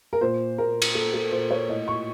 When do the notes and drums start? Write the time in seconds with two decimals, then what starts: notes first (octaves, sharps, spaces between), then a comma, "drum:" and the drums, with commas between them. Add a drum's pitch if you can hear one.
0.13 A#4
0.21 A#2 C5
0.58 A#2 A#4
0.82 drum: cymbal
0.95 A#2 A4
1.14 A4
1.32 A#2 C5
1.51 C#5
1.69 A2 D#5
1.88 C#6